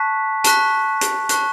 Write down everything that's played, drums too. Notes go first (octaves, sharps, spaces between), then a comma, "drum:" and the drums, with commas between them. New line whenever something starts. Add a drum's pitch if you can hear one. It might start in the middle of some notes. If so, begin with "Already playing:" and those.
Already playing: A5 C#6 F#6 B6
A5 C#6 F#6 B6, drum: hi-hat
drum: hi-hat
A5 C#6 F#6 B6, drum: hi-hat